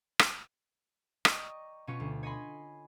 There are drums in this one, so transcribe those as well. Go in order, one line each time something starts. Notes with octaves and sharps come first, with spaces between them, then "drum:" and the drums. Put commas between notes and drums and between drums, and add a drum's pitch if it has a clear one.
drum: rim click
D5 D#5 G5 A#5 C#6, drum: rim click
B2 C#4 F4 C#6
D2
C#5 D#5 G#5 B5 C6